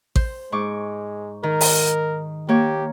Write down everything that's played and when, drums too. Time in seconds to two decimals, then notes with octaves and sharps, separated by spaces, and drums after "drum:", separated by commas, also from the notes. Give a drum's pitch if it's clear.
0.16 C5, drum: kick A1
0.52 G#2 G#3 C#6 D6
1.43 D#3 A#4
1.61 drum: open hi-hat
2.49 A#3 G4 C#5